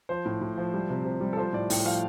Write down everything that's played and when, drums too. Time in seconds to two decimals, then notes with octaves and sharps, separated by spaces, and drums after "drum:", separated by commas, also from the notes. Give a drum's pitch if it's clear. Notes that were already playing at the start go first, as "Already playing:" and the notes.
0.09 F3 C5
0.26 A2
0.41 A2
0.58 F3
0.74 G3
0.89 C3
1.05 C3
1.21 G3
1.33 A4
1.37 F3 C5
1.53 A2 D5
1.70 A2 G5, drum: open hi-hat
1.85 F3 F5